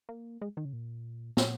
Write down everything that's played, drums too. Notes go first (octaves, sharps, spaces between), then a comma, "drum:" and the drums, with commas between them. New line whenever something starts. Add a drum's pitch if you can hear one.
A#3
G#3
D#3
C#3
A#2
A#2, drum: snare